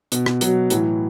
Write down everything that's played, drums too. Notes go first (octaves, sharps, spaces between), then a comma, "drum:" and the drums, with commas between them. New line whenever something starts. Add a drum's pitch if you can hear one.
B2, drum: hi-hat
drum: rim click
B2 F#3, drum: hi-hat
A2 E3 F#3, drum: hi-hat